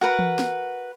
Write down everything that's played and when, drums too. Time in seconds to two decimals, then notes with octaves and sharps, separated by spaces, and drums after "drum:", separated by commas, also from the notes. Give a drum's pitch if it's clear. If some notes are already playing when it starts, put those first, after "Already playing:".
0.01 F#4 A#4 B4 F#5
0.19 drum: tom E3
0.39 drum: snare